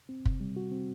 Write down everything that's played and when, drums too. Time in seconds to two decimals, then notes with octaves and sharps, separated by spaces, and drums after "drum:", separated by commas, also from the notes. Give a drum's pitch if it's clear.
0.09 C4
0.25 C3, drum: kick
0.40 G3
0.56 F#4
0.72 C4